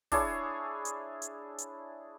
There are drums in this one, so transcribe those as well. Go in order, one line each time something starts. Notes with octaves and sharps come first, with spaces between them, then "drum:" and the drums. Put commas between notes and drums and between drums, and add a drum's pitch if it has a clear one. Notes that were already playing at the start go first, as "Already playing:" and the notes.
D4 E4 G#4 C#5, drum: kick, open hi-hat
drum: hi-hat
drum: hi-hat
drum: hi-hat